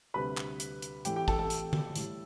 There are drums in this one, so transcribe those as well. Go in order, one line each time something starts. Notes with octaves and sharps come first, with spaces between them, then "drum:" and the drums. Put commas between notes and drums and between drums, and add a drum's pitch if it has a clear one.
D2 C3 G3 B4 B5
drum: clap
drum: hi-hat
drum: hi-hat
A2 E3 A3 G4 G5, drum: hi-hat
G4 G5
A4 A5, drum: kick
A4 A5
drum: hi-hat
drum: tom D3
A2 G3, drum: hi-hat